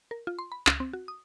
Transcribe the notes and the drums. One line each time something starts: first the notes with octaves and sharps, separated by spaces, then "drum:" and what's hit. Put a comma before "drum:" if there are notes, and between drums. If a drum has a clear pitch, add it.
A#4
F4
C6
B5
C#2, drum: clap
C4
F#4
D#6